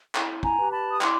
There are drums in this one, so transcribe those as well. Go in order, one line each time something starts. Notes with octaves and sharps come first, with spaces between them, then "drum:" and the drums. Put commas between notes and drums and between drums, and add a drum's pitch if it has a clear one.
E4, drum: clap
G#5 A#5, drum: kick
G4 B4
A5 B5
D#6
E4 C6 D6, drum: clap